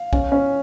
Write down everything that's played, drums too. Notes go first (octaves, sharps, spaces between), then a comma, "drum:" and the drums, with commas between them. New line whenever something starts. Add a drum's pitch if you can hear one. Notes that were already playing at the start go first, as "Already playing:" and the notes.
Already playing: F5
C#4, drum: kick
C#4